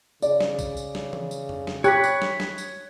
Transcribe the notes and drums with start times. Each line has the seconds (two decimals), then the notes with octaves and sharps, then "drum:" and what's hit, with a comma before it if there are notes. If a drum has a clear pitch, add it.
0.22 C#3 D5, drum: tambourine
0.41 drum: snare
0.59 drum: kick B1, tambourine
0.77 drum: tambourine
0.95 drum: snare
1.13 drum: tom E3
1.31 drum: tambourine
1.49 drum: tom F2
1.67 drum: snare
1.84 G4 C#5 B5 F#6, drum: tambourine
2.04 drum: tambourine
2.22 drum: snare
2.40 drum: snare
2.58 drum: tambourine